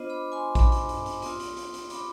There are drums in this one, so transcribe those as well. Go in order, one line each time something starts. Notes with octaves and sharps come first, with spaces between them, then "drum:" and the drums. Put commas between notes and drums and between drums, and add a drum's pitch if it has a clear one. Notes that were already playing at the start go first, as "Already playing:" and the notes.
Already playing: B3 D4 F4 C5 D#5
B5 D6
G#5 C6
B5 D6, drum: kick A#1, hi-hat
drum: hi-hat
drum: hi-hat
drum: hi-hat
B3 F4 C6 D#6, drum: hi-hat
drum: hi-hat
drum: hi-hat
drum: hi-hat
B5 D6, drum: hi-hat